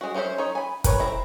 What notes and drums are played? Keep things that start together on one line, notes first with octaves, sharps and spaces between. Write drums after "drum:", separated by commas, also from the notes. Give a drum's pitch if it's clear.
G#3 F#4
G#3 C#4 E4 C5 E5
D#4 C#5
G#5 B5
A#4 B4 C#5, drum: kick, hi-hat
C4 E4 A#5